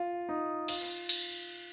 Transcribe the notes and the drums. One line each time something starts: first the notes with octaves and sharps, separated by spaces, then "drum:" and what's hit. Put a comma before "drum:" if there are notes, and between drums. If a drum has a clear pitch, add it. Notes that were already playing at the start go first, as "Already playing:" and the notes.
Already playing: F4
D#4
F4, drum: cymbal
drum: cymbal